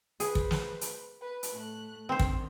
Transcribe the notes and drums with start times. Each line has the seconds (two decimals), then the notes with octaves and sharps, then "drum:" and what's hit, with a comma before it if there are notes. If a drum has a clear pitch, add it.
0.20 G#4 B4 C5, drum: hi-hat
0.35 drum: kick
0.51 drum: snare
0.81 drum: hi-hat
1.20 B4
1.43 drum: hi-hat
1.53 A2 A3 F#6
2.09 D3 D#3 C4 C5
2.19 drum: kick